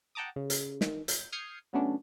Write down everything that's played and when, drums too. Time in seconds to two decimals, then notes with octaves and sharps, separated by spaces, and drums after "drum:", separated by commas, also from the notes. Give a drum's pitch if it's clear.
0.15 F#5 G5 A5 A#5 D6 D#6
0.36 C#3
0.50 drum: hi-hat
0.81 D#3, drum: snare
1.08 G6, drum: hi-hat
1.32 D#6 F6 G6 G#6 C7 C#7
1.73 C#3 F#3 A3 B3 C#4 D4